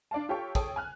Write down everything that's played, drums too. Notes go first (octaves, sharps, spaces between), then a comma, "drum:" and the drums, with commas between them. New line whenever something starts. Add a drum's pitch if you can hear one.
D4 D5 F5 A5
F4 G4 A4 C#5 G5 C#6
G#4 A4 C#5 G5 D#6, drum: kick, hi-hat
G#5 F6 F#6